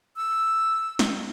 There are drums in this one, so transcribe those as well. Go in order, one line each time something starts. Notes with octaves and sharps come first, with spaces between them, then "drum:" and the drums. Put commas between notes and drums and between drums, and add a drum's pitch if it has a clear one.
E6
drum: snare